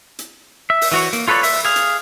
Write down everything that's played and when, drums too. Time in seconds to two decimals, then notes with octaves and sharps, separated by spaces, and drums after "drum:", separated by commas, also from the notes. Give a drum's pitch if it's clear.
0.19 drum: hi-hat
0.70 E5
0.81 drum: open hi-hat
0.92 E3 F#4 C#5
1.13 A#3, drum: hi-hat
1.28 F4 A4 B4 C#5 D5
1.43 E5, drum: open hi-hat
1.65 G#4 F5
1.76 drum: hi-hat